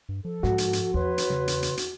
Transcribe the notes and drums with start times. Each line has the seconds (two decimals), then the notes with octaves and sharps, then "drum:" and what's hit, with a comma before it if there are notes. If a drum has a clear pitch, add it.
0.09 G2
0.25 F3 A4
0.43 G#2 F#4, drum: snare
0.58 drum: hi-hat
0.73 drum: hi-hat
0.94 E2 B4 C#5 C6
1.18 drum: hi-hat
1.30 C#3, drum: snare
1.48 drum: hi-hat
1.62 drum: hi-hat
1.77 drum: hi-hat